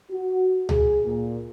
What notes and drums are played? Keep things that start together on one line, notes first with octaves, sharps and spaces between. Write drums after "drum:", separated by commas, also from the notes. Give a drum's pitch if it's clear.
F#4
G#4, drum: tom C#2
A#2